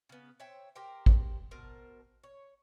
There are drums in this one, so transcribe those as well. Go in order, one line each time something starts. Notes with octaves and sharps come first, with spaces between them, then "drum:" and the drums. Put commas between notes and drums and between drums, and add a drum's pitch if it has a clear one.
C#3 B3
C5 C#5 E5 G5
G4 A#4 C5 G5
drum: kick
B2 A#4 C5 A5
C#5